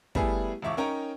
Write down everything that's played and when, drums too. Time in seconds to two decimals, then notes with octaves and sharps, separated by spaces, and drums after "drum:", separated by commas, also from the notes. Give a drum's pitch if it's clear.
0.15 G3 A3 B3 E4 G#4, drum: kick
0.62 E1 C#2 E5 C#6 D6
0.77 C#4 D#4 A#4 C#5 G5 A#5